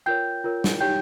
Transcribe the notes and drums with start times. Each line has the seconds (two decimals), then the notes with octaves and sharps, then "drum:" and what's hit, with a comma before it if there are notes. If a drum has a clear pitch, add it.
0.06 F4 A#4 C#5 G5 G6
0.44 F4 A#4 C#5
0.64 drum: snare
0.81 D#4 G4 C#5 G5 G6